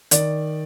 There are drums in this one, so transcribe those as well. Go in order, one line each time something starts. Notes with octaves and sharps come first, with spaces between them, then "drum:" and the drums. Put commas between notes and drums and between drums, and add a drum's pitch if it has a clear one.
D#3 D5, drum: hi-hat